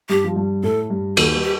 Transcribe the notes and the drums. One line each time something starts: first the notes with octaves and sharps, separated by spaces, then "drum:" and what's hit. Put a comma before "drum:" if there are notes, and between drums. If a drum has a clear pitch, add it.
G2 G3 G4
F3
G2 G3
A2 A3 A4
G2 G3
D#2 D#3 A4, drum: cymbal
G3
G4